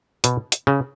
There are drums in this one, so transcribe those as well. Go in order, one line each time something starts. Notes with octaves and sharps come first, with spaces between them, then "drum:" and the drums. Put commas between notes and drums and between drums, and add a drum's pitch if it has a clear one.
B2, drum: hi-hat
drum: hi-hat
C#3